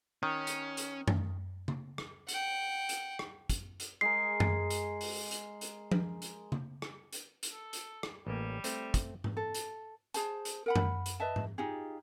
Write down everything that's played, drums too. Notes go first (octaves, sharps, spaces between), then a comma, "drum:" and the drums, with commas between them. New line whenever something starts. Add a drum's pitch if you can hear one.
D#3 C#4
drum: hi-hat
drum: hi-hat
drum: tom F#2
drum: tom C#3
drum: rim click
F#5 G5, drum: hi-hat
drum: hi-hat
drum: rim click
drum: kick, hi-hat
drum: hi-hat
G#3 G#4 A#4 C7
drum: tom F#2
drum: hi-hat
drum: open hi-hat
drum: hi-hat
drum: hi-hat
drum: tom F3
drum: hi-hat
drum: tom C#3
drum: rim click
drum: hi-hat
drum: hi-hat
A4
drum: hi-hat
drum: rim click
A1 G3 A#3
A3 C4, drum: hi-hat
drum: kick, hi-hat
drum: tom G#2
A4
drum: hi-hat
G#4 C5 A5, drum: hi-hat
drum: hi-hat
A#4 F#5 B5
drum: tom F#2
drum: hi-hat
B4 D#5 E5 A5
drum: tom G#2
D#4 F4 G4 G#4